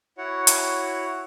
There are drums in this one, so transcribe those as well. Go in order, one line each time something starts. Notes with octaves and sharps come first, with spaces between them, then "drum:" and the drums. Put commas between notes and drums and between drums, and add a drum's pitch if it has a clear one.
E4 F#4 C#5 F#5
drum: hi-hat